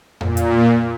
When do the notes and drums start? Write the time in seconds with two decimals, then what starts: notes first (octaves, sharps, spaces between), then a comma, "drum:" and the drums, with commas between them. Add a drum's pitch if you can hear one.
0.21 A#2, drum: tom F2
0.37 drum: hi-hat